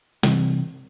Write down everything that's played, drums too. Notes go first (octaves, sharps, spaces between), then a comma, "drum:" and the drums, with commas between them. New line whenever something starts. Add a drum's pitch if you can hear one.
C3 E3 G3 C4, drum: snare